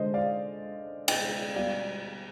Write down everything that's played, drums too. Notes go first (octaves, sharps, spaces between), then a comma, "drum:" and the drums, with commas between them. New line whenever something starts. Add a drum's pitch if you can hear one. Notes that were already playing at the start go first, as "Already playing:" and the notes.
Already playing: D3 G#3 C5 D#5
D5 F5
D#5 G5, drum: cymbal
B2 G3 D5 F5